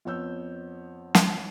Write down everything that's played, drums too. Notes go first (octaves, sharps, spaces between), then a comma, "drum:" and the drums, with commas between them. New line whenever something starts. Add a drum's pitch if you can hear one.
F2 B3 C#5 E6 G6
drum: snare